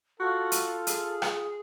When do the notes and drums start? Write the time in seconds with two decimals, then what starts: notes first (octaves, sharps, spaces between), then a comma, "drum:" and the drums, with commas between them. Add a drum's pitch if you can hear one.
0.20 F4 F#4 A4
0.52 drum: hi-hat
0.87 G#4, drum: hi-hat
1.22 drum: rim click